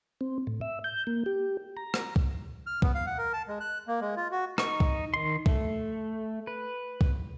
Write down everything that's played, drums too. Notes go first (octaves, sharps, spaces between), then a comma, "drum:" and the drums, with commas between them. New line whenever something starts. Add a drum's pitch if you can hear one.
C4
A2
E5
G6
A#3
G4
A#5
drum: rim click
drum: kick
F6
B3, drum: kick
F5
F#5
A#4
A5
G#3
F#6
A#3
G#3
F4
F#4
D#4 C#6, drum: rim click
drum: kick
D#3 C6
A3, drum: kick
B4
drum: kick